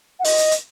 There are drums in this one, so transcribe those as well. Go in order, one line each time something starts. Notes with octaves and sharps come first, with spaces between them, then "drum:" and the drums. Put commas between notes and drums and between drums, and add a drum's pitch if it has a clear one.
F#5
D#5, drum: open hi-hat
drum: hi-hat
drum: hi-hat